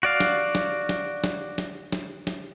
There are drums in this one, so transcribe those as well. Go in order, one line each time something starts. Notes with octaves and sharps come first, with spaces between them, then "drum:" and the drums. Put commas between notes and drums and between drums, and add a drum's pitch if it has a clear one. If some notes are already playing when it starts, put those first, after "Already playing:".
F#4 D5 F5
drum: snare
drum: snare
drum: snare
drum: snare
drum: snare
drum: snare
drum: snare